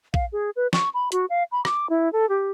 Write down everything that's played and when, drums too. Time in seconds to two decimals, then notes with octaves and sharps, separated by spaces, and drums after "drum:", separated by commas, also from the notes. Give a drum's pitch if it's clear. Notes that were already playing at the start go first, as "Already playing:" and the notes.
0.14 F5, drum: kick A#1
0.32 G#4
0.56 B4
0.73 C#6, drum: snare
0.94 B5
1.12 F#4, drum: hi-hat
1.30 F5
1.52 B5
1.65 D6, drum: rim click
1.89 E4
2.13 A4
2.29 G4